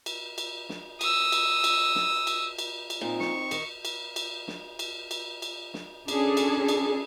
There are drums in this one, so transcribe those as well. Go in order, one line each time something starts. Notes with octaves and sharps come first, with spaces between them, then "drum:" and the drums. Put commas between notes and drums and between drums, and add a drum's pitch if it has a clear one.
drum: cymbal
drum: cymbal
drum: snare
D#6 E6, drum: cymbal
drum: cymbal
drum: cymbal
drum: snare
drum: cymbal
drum: cymbal
drum: cymbal
A#2 C4 D#4
C#6, drum: snare
D#3, drum: cymbal
drum: cymbal
drum: cymbal
drum: snare
drum: cymbal
drum: cymbal
drum: cymbal
drum: snare
C#4 D4 G#4 A4, drum: cymbal
drum: cymbal
drum: cymbal